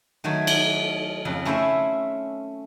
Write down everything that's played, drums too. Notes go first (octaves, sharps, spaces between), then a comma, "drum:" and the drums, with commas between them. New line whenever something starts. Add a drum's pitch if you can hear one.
D#3 F#3 A3 C#5
drum: cymbal
F2 C#3
A3 C#4 E4 C5 E5